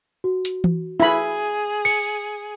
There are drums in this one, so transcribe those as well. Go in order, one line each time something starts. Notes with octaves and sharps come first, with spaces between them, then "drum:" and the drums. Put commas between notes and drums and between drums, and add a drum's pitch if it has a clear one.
F#4
drum: hi-hat
drum: tom E3
E4 G#4 B5
C#7, drum: cymbal